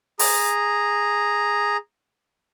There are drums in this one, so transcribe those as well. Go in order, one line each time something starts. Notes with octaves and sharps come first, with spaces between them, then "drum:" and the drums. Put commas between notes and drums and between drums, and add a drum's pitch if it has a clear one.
G#4 A#5, drum: open hi-hat